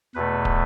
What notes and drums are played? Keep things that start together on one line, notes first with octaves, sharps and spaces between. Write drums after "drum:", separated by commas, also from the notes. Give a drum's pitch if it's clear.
E2 B2 A3 B4
drum: kick